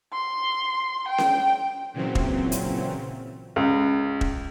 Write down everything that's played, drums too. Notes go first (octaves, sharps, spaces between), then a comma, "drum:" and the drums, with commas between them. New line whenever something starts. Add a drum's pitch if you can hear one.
C6
G5
drum: snare C#4
A#2 C#3 E3 F#3 C4
drum: kick E1
drum: hi-hat
C#2
drum: kick E1